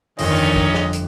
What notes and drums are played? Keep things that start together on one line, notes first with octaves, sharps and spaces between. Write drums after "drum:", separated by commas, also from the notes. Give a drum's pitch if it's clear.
G1 F2 A#2 D#3 C#4 A#4 D#5, drum: open hi-hat
drum: kick
drum: snare
drum: hi-hat